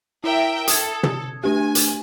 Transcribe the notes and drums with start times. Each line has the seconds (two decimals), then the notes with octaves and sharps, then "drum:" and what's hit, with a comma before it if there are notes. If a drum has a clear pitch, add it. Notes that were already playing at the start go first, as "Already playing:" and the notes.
0.24 E4 A#4 E5 G5
0.68 A4 D#6 G#6, drum: hi-hat
1.03 drum: tom
1.44 A3 D4 G4 G#5
1.75 drum: hi-hat